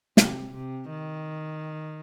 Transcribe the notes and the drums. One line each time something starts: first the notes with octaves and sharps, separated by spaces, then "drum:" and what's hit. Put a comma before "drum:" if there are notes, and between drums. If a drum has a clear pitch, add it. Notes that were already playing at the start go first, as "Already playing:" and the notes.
C3, drum: snare
C3
D#3